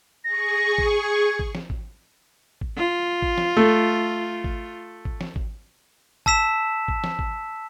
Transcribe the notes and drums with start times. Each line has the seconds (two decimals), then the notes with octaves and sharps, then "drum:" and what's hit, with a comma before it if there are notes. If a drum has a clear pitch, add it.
0.24 G#4 C#6 A#6
0.78 drum: kick G#1
1.02 G#6
1.39 drum: kick G#1
1.55 drum: snare
1.70 drum: kick G#1
2.61 drum: kick G#1
2.77 F4
3.22 drum: kick G#1
3.38 drum: snare
3.57 A3
4.44 drum: kick G#1
5.05 drum: kick G#1
5.21 drum: snare
5.36 drum: kick G#1
6.26 A5 E6 B6 E7, drum: kick G#1
6.88 drum: kick G#1
7.04 drum: snare
7.19 drum: kick G#1